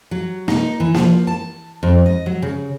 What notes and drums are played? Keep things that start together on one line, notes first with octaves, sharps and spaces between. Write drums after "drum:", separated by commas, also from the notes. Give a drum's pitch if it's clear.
F#3
D#4, drum: snare A#3
E3
F3, drum: snare A#3
A5
F2
D#5
F#3
C#3